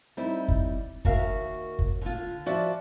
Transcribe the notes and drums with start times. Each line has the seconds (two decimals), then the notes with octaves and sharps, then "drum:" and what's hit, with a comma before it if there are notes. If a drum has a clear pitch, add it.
0.17 G3 C4 D#4 E4
0.48 drum: kick
1.05 D#2 F#4 A#4 E5 F5, drum: kick
1.79 drum: kick
2.01 D3 F4
2.46 F3 F#4 D5 E5